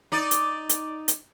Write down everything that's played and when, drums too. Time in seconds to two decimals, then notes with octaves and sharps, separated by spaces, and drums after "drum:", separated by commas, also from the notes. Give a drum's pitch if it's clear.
0.12 D#4 D5
0.31 drum: hi-hat
0.69 drum: hi-hat
1.08 drum: hi-hat